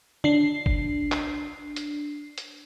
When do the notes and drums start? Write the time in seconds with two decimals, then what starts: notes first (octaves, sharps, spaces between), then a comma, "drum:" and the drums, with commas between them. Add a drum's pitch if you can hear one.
0.24 D4 C7, drum: tom
0.66 drum: kick G1
1.12 drum: clap
1.76 drum: hi-hat
2.38 drum: hi-hat